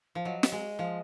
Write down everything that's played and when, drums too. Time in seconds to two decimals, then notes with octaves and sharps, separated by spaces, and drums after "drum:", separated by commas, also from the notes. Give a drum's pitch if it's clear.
0.15 F3
0.25 F#3 D#5
0.43 drum: snare
0.52 G#3
0.79 F3